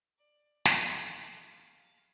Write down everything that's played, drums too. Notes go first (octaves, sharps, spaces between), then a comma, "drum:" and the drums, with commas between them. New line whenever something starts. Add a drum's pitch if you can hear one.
D5
D5, drum: snare
G#3
F5